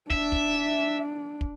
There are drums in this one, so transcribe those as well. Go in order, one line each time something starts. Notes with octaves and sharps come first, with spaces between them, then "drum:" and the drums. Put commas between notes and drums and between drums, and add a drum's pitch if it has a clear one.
D4 E5, drum: kick
drum: kick
drum: kick